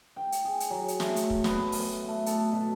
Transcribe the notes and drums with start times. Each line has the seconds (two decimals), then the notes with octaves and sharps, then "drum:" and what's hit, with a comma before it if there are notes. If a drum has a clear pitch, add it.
0.16 G5
0.32 drum: hi-hat
0.45 G#4
0.60 drum: hi-hat
0.70 F#3
0.88 drum: hi-hat
1.00 A3, drum: snare
1.16 drum: hi-hat
1.30 drum: kick
1.44 B3, drum: snare
1.72 drum: open hi-hat
2.08 A3
2.26 A4, drum: hi-hat
2.52 B2